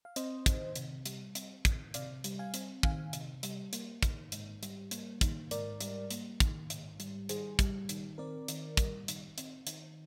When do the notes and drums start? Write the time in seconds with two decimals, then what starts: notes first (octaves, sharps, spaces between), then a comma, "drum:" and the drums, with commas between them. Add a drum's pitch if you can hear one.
0.05 F5
0.16 C4 C5 D#5, drum: hi-hat
0.46 D#3, drum: kick, hi-hat
0.75 C3, drum: hi-hat
1.06 G3, drum: hi-hat
1.35 C4, drum: hi-hat
1.65 D#3, drum: kick, hi-hat
1.94 C3 D5 F5, drum: hi-hat
2.24 G3, drum: hi-hat
2.39 F5 G#5
2.54 C4, drum: hi-hat
2.83 D#3 F5 G#5, drum: kick
3.13 C3, drum: hi-hat
3.43 G3, drum: hi-hat
3.73 A#3, drum: hi-hat
4.03 D#3, drum: kick, hi-hat
4.32 G#2, drum: hi-hat
4.63 G3, drum: hi-hat
4.91 A#3, drum: hi-hat
5.21 D#3, drum: kick, hi-hat
5.51 G#2 A#4 D5, drum: hi-hat
5.81 G3, drum: hi-hat
6.11 A#3, drum: hi-hat
6.40 D#3, drum: kick, hi-hat
6.70 G#2, drum: hi-hat
7.00 G3, drum: hi-hat
7.29 D#3 G#4 C5, drum: hi-hat
7.59 G3, drum: kick, hi-hat
7.89 D#3, drum: hi-hat
8.18 C4 A#4 D5
8.48 D#3, drum: hi-hat
8.77 G3, drum: kick, hi-hat
9.08 D#3, drum: hi-hat
9.38 C4, drum: hi-hat
9.67 D#3, drum: hi-hat